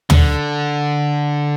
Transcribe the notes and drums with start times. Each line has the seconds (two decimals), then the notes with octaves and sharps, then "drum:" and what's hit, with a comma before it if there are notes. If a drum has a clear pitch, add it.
0.10 D3, drum: tom